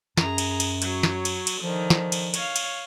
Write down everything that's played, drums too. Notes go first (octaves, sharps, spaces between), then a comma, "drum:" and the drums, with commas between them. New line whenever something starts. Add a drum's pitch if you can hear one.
F#2 G#4 A#5, drum: snare
drum: cymbal
drum: cymbal
F#3 C#5, drum: cymbal
drum: snare
drum: cymbal
drum: cymbal
D3 D#3 F3
drum: snare
drum: cymbal
C#5 F5, drum: cymbal
drum: cymbal